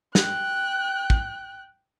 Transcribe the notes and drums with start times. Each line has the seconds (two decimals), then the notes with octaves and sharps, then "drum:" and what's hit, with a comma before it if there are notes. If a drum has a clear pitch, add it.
0.15 G5 F#6, drum: snare
1.10 drum: kick